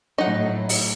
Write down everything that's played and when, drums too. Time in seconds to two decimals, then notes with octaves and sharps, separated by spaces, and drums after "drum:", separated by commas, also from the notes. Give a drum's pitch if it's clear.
0.18 A2 F#3 D#4 F#5
0.69 drum: open hi-hat